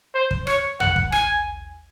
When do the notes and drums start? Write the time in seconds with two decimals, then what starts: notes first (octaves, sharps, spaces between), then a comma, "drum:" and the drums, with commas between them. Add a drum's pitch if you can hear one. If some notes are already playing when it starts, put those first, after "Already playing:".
0.14 C5
0.31 drum: kick
0.47 C#5, drum: rim click
0.80 F#5, drum: tom
0.96 drum: kick
1.12 G#5, drum: rim click